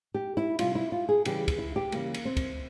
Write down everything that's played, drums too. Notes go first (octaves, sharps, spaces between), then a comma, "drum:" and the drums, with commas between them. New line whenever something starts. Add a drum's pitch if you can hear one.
G4
E4
C3 G3 F4, drum: cymbal
E4
F4
G#4
C#3 E3 G3 G4, drum: cymbal
drum: kick, cymbal
E4
G4
C#3 E3 G3 A#3, drum: cymbal
drum: cymbal
C4
drum: kick, cymbal